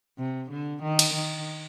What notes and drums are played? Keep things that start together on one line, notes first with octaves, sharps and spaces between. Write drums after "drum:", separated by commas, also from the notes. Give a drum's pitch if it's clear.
C3
D3
D#3
drum: cymbal
D#3